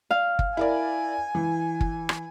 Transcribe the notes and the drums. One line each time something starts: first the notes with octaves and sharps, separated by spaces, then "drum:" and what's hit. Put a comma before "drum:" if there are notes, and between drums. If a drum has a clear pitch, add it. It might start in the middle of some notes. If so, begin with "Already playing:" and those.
F5
drum: kick
E4 A#4 D5 G#5
E3
drum: kick
drum: rim click